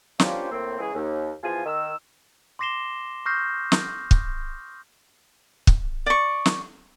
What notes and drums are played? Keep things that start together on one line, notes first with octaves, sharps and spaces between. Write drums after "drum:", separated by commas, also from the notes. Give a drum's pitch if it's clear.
A#3 C#4 D4 F4 G4 C5, drum: snare
A2 A#3 C4
C#3 E3 G#3 G#4
D#2
E2 F3 F4 G#5
D#3 E6
C6 D6 A#6 C7 E7 G7
C#6 D#6 F6 G6 A#6 C7
drum: snare
drum: kick
drum: kick
D5 C#6
drum: snare